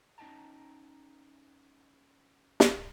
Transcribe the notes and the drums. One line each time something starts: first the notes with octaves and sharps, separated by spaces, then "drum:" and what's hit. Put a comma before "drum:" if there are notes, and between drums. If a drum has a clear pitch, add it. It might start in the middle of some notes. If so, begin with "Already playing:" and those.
C#4 D#4 D#5 G5 A5 A#5
drum: snare